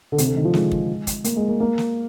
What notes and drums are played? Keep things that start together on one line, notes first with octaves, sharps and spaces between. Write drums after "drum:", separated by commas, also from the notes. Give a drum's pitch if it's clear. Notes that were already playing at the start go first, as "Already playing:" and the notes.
D3
C3, drum: hi-hat
D3
D#3
F3
G#3, drum: snare
drum: kick
drum: kick, hi-hat
A#3, drum: hi-hat
G#3
A#3
A#3
drum: snare